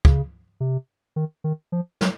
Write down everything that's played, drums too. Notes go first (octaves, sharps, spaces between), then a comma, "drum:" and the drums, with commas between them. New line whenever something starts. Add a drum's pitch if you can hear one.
C#3, drum: kick
C3
D#3
D#3
F3
F#3, drum: snare